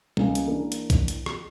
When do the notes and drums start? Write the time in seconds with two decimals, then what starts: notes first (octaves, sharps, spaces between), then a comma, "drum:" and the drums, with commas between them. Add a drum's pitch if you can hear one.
0.17 C#2 A#3 G#5, drum: tom G3
0.35 drum: hi-hat
0.46 E3 A#3 D4
0.72 drum: hi-hat
0.90 drum: kick, hi-hat
1.08 drum: hi-hat
1.26 drum: rim click